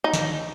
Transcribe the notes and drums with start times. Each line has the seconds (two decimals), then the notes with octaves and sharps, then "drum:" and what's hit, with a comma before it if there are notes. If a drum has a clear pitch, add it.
0.04 D#4
0.14 drum: snare